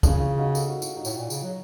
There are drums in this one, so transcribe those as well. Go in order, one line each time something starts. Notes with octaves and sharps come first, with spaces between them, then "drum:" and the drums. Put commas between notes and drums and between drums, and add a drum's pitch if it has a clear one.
C#3 C#4 F4, drum: kick, tambourine
C#4 F4
D#4 F#4
A4, drum: tambourine
F#4
F4, drum: tambourine
D#4 F#4
A2, drum: tambourine
A#2
C#3, drum: tambourine
F#3